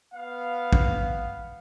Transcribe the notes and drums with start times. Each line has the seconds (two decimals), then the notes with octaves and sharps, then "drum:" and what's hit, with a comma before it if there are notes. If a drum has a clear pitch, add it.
0.14 B3 F5
0.73 drum: kick